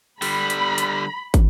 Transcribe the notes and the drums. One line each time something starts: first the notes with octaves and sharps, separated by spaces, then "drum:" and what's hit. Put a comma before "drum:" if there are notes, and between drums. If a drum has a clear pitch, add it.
D3 G3 B5, drum: open hi-hat
drum: hi-hat
drum: hi-hat
drum: kick, hi-hat